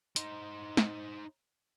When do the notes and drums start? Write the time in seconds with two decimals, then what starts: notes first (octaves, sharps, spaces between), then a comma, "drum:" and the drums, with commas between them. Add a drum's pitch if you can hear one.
0.16 D#4 C5, drum: hi-hat
0.77 drum: snare